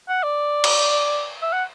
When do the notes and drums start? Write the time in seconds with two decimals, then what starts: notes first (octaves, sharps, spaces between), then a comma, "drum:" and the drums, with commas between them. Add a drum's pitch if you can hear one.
0.09 F#5
0.23 D5
0.64 drum: cymbal
1.42 E5
1.53 F#5